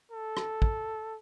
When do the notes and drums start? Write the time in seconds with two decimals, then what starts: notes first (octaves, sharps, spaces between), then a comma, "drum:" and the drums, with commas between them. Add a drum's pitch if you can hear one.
0.11 A4
0.37 drum: rim click
0.62 drum: kick